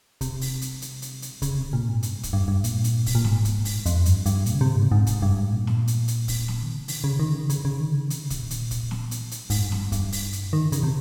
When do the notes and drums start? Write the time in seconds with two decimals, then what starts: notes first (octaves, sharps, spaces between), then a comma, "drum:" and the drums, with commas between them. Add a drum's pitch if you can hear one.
0.21 C3, drum: kick, hi-hat
0.41 drum: open hi-hat
0.62 drum: hi-hat
0.82 drum: hi-hat
1.02 drum: hi-hat
1.22 drum: hi-hat
1.42 C#3, drum: kick, hi-hat
1.58 C3
1.73 A#2
1.89 G#2
2.03 G2, drum: hi-hat
2.23 drum: kick, hi-hat
2.33 G2
2.48 G2
2.64 A#2, drum: hi-hat
2.84 drum: hi-hat
3.06 C3, drum: kick, open hi-hat
3.15 A#2
3.24 G#2, drum: snare
3.45 drum: kick, hi-hat
3.65 drum: open hi-hat
3.86 F2, drum: hi-hat
4.06 G2, drum: hi-hat
4.26 G2, drum: hi-hat
4.46 A#2, drum: hi-hat
4.55 C#3
4.61 C3
4.76 G#2
4.92 G#2
5.07 drum: kick, hi-hat
5.22 G2
5.37 G#2
5.53 A#2
5.67 drum: snare
5.87 drum: hi-hat
6.08 drum: hi-hat
6.28 drum: kick, open hi-hat
6.48 drum: snare
6.63 D#3
6.76 C#3
6.88 C3, drum: open hi-hat
6.99 D#3
7.04 C#3
7.20 D#3
7.34 C#3
7.50 C#3, drum: hi-hat
7.65 C#3
7.80 D#3
7.95 C#3
8.10 C3, drum: hi-hat
8.30 drum: kick, hi-hat
8.40 A#2
8.50 drum: hi-hat
8.71 drum: kick, hi-hat
8.91 drum: snare
9.11 drum: hi-hat
9.31 drum: hi-hat
9.50 G#2, drum: kick, open hi-hat
9.62 G2
9.72 drum: snare
9.92 G2, drum: kick, hi-hat
10.12 drum: open hi-hat
10.33 drum: hi-hat
10.53 D#3
10.72 C#3, drum: hi-hat
10.83 C3